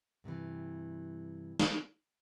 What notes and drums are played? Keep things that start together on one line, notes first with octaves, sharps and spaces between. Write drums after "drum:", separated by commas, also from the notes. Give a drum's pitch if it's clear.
G2 C3 D#3 E3
drum: snare